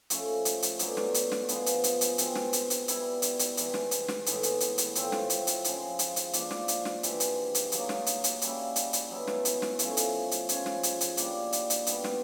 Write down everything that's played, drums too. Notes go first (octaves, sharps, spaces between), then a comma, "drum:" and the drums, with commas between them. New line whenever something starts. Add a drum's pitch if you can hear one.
F3 A3 C#4, drum: hi-hat
drum: hi-hat
drum: hi-hat
D3 F#3 B3 D4, drum: hi-hat
drum: snare
drum: hi-hat
drum: snare
F3 G#3 B3, drum: hi-hat
drum: hi-hat
drum: hi-hat
drum: hi-hat
B2 G#3 C4, drum: hi-hat
drum: snare
drum: hi-hat
drum: hi-hat
G3 B3 E4, drum: hi-hat
drum: hi-hat
drum: hi-hat
C3 E3 G#3, drum: hi-hat
drum: snare
drum: hi-hat
drum: snare
A2 E3 G#3 B3, drum: hi-hat
drum: hi-hat
drum: hi-hat
drum: hi-hat
A2 F3 A3 C4, drum: hi-hat
drum: snare
drum: hi-hat
drum: hi-hat
C#3 F3 G#3, drum: hi-hat
drum: hi-hat
drum: hi-hat
F3 A#3 D4, drum: hi-hat
drum: snare
drum: hi-hat
drum: snare
C3 E3 G#3, drum: hi-hat
drum: hi-hat
drum: hi-hat
F#3 A#3 D#4, drum: hi-hat
drum: snare
drum: hi-hat
drum: hi-hat
G3 A#3 C#4 E4, drum: hi-hat
drum: hi-hat
drum: hi-hat
F#3 B3 E4
drum: snare
drum: hi-hat
drum: snare
F3 A3 C#4, drum: hi-hat
drum: hi-hat
drum: hi-hat
F3 G#3 C#4, drum: hi-hat
drum: snare
drum: hi-hat
drum: hi-hat
G3 A#3 D4, drum: hi-hat
drum: hi-hat
drum: hi-hat
B2 G3 B3, drum: hi-hat
drum: snare